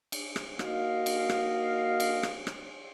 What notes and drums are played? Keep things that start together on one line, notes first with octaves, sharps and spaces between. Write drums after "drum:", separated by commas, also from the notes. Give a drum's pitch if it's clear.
drum: cymbal
drum: rim click
A#3 D#4 F#4 D#5 F5, drum: rim click
drum: cymbal
drum: rim click
drum: cymbal
drum: rim click
drum: rim click